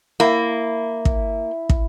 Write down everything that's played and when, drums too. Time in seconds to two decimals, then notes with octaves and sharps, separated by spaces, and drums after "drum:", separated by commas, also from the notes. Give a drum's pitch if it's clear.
0.20 A#3 E4
1.05 drum: kick
1.69 drum: kick